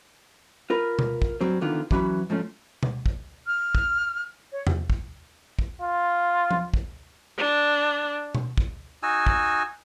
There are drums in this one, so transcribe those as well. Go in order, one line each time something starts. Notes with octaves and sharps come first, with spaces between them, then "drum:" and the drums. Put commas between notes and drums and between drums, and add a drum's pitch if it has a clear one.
F4 A#4 B4
drum: tom B2
drum: kick
G2 F#3 C4
E2 D3 D#3 B3 F4
E3 F#3 C#4 F#4 B4 B5, drum: kick
G#2 F3 A3 C#4
drum: tom B2
drum: kick
F6
drum: kick
C#5
drum: tom E2
drum: kick
drum: kick
F4
drum: tom F3
drum: kick
D4
drum: tom B2
drum: kick
D#4 F#4 G#5 E6
drum: kick